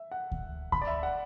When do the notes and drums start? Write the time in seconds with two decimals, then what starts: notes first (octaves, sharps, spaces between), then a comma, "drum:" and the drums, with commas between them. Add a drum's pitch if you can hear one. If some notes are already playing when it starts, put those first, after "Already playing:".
Already playing: E5
0.11 F#5
0.32 drum: kick D2
0.72 B5, drum: kick D2
0.82 D5
0.87 E5
1.03 F#5